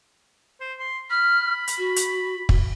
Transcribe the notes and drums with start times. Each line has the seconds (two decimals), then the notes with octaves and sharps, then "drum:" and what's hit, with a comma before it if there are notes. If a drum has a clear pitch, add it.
0.60 C5
0.79 C6
1.11 B5 F6
1.67 drum: hi-hat
1.78 F#4
1.96 drum: hi-hat
2.49 drum: kick